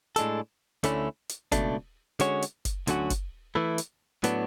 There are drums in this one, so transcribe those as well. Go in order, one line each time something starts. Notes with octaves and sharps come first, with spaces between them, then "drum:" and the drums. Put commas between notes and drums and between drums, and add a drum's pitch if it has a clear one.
A2 G#3 D4 A4, drum: hi-hat
D2 D3 A3 C#4 E4, drum: hi-hat
drum: hi-hat
C#2 B2 A3 D4, drum: kick, hi-hat
D3 G#3 C#4 F#4 C#5, drum: hi-hat
drum: hi-hat
drum: kick, hi-hat
D2 D3 F#3 C#4 F#4, drum: hi-hat
drum: kick, hi-hat
E3 A3 E4
drum: hi-hat
A2 F#3 B3 D4, drum: hi-hat